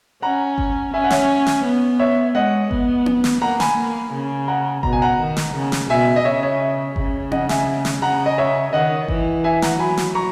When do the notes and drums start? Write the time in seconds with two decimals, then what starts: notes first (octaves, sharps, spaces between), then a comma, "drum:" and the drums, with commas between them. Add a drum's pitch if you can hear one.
0.22 C#4 F#5 A#5
0.58 drum: kick G1
0.94 C#4 E5 G#5
1.04 F#5
1.10 C#5 E5, drum: snare
1.46 drum: snare
1.64 B3
1.99 C#5 E5
2.35 G#3 D#5 F#5
2.71 B3, drum: kick G1
3.06 drum: tom C4
3.24 drum: snare
3.41 A#3 F#5 A#5
3.60 G#5 B5, drum: snare
3.77 A#3
4.13 C#3
4.48 F#5 A#5
4.83 B2 A#5, drum: kick G1
4.93 G#5
5.02 F#5 A#5
5.18 D#3
5.37 drum: snare
5.54 C#3
5.72 drum: snare
5.90 B2 E5 G#5
6.16 D#5
6.25 C#3 C#5 E5
6.43 C#5 E5
6.96 C#3, drum: kick G1
7.31 D#5 F#5, drum: tom C4
7.49 E5 G#5, drum: snare
7.85 drum: snare
8.02 C#3 F#5 A#5
8.26 D#5
8.38 C#5 E5
8.73 D#3 D#5 F#5
9.08 E3, drum: kick G1
9.44 E5 G#5
9.62 F#5 A#5, drum: snare
9.79 F#3 G#5 B5
9.97 drum: snare
10.15 A#5 C#6